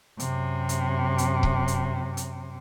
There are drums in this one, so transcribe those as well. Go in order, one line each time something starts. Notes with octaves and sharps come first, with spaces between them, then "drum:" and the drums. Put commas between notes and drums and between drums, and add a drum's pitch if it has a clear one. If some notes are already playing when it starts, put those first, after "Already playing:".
F#2 C3, drum: hi-hat
drum: hi-hat
drum: hi-hat
drum: kick C#1
drum: hi-hat
drum: hi-hat